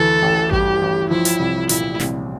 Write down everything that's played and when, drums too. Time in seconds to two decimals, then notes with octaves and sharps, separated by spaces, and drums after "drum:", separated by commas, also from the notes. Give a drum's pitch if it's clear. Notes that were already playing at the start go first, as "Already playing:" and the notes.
Already playing: D2 E3 A4
0.22 A1
0.51 G2 G4, drum: kick A1
0.82 A1
1.10 F3 E4
1.25 drum: hi-hat
1.39 C2
1.69 A#2 E4, drum: hi-hat
2.00 C2, drum: snare